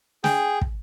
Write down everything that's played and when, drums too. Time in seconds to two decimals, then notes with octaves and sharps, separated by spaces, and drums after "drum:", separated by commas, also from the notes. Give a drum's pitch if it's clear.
0.24 G#4 G5, drum: snare
0.61 drum: kick